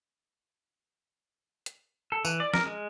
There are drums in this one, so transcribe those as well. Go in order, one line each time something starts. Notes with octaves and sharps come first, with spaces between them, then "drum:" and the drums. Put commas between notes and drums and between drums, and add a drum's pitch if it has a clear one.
drum: hi-hat
A4
E3, drum: tambourine
D5
A#4, drum: snare
G#3